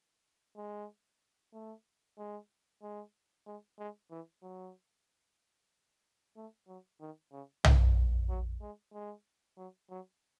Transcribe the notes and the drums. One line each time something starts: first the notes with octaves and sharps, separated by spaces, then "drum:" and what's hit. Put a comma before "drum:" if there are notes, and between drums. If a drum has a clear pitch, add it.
G#3
A3
G#3
G#3
G#3
G#3
E3
F#3
A3
F#3
D#3
C#3
D#3, drum: tom
F#3
G#3
G#3
F#3
F#3